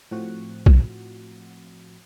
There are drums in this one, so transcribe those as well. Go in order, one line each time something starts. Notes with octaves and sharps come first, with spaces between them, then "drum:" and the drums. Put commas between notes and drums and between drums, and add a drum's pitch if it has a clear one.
A2 F3 C4 F#4 F#5
drum: kick